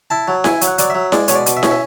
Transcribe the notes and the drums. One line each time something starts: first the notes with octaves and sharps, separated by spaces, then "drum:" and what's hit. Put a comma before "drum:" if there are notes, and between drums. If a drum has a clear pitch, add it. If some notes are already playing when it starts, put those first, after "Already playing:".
E4 A5
F#3
E4 G#5, drum: snare E4
F#3, drum: hi-hat
F#5
F#3 D5, drum: hi-hat
F#3 E5
G#3 D5, drum: snare E4
B2 C#5, drum: hi-hat
D5
B2, drum: hi-hat
E5
C#4, drum: snare E4
E5